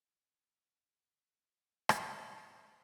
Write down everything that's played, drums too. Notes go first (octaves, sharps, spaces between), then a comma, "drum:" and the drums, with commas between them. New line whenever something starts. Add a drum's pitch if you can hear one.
A3 C4 C#4
drum: rim click